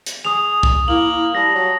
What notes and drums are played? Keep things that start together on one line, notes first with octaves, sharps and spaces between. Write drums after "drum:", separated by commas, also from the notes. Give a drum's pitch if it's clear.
drum: hi-hat
G#4 D#6 F7
drum: kick
A#3 E4 F#7
E4
G3 A5 A#6
F#3